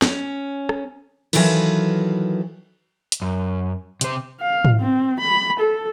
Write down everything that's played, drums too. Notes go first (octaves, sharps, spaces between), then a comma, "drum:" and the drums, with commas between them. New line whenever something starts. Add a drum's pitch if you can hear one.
C#4, drum: snare
drum: rim click
D#3 E3 F#3 F4 A4 B4, drum: cymbal
drum: hi-hat
F#2
C3 C5, drum: hi-hat
F5
drum: tom
C4
B5
A4